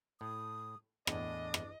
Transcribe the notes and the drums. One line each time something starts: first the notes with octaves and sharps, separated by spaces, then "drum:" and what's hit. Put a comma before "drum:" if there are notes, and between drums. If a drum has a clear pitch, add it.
A2 D#6
E2 A2 D4 D#5, drum: rim click
drum: rim click